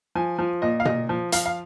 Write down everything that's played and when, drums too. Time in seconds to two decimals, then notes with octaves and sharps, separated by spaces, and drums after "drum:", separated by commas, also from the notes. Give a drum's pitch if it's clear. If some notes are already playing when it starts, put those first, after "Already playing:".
0.15 F3 G#5
0.39 F3
0.62 A#2 D#5
0.80 F5
0.85 A#2 D#5, drum: tom B2
1.09 F3
1.32 F3 F5, drum: hi-hat
1.46 F5